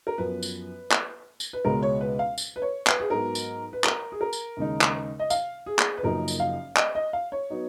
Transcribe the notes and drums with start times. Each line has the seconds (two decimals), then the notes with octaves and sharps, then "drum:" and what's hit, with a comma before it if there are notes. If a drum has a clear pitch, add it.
0.07 A#4
0.18 F#2 F3 B3 B4
0.43 drum: tambourine
0.91 drum: clap
1.40 drum: tambourine
1.53 B4
1.64 C#2 B2 G#3 C#4 A#4
1.83 C#5
2.01 B4
2.19 F5
2.38 drum: tambourine
2.56 B4
2.62 C#5
2.87 B4, drum: clap
3.00 G#4
3.10 G#2 F#3 B3 A#4
3.35 drum: tambourine
3.73 B4
3.84 A#4, drum: clap
4.12 G#4
4.21 A#4
4.33 drum: tambourine
4.57 D#2 C#3 G#3 D#4
4.81 drum: clap
5.20 D#5
5.30 F5, drum: tambourine
5.66 G#4
5.79 drum: clap
5.97 B4
6.03 F#1 F#2 F3 A#3 D#4 A#4
6.28 drum: tambourine
6.40 F5
6.77 D#5, drum: clap
6.95 D#5
7.13 F5
7.32 C#5
7.50 F#3 B3 D#4